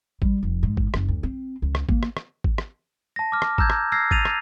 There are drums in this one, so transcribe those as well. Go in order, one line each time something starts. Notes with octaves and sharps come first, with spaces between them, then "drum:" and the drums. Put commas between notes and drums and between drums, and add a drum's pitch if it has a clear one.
G3, drum: kick G#1
F1
G#2
drum: kick G#1
F#1, drum: rim click
D2
C4
C#2
drum: rim click
A#3, drum: kick G#1
drum: rim click
drum: rim click
drum: kick G#1
drum: rim click
A5 A#6
D6 F6
drum: rim click
A#5 E6 G6 G#6, drum: kick G#1
drum: rim click
E6 F6 G#6 A#6 C7
A6 D#7 F7, drum: kick G#1
drum: rim click